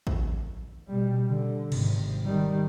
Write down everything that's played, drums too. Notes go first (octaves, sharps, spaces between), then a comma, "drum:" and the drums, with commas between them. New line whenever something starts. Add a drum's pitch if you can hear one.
drum: kick A1
B2 G3
D3
G#1 C3, drum: cymbal
D#3 G3